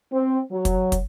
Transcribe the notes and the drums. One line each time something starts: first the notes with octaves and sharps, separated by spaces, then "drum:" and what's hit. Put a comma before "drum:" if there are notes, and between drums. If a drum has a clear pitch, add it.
C4
F#3
drum: kick, hi-hat
drum: kick, hi-hat